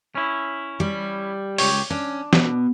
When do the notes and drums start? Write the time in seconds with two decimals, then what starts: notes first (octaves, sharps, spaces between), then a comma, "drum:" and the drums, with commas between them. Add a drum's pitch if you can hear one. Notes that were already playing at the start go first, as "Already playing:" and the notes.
0.15 C#4 E4
0.80 G3
1.58 C#2 G4 C#5, drum: open hi-hat
1.90 C#4 D4
2.33 B2, drum: snare